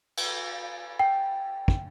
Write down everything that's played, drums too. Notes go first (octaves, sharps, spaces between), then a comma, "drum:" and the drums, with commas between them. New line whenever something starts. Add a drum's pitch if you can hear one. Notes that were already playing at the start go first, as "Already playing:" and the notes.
drum: cymbal
G5
drum: kick